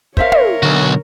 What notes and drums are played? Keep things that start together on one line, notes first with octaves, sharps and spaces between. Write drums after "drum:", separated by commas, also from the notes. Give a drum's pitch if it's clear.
A#4 C5 C#5 E5 F5, drum: kick
drum: tom
B1 D3 F#4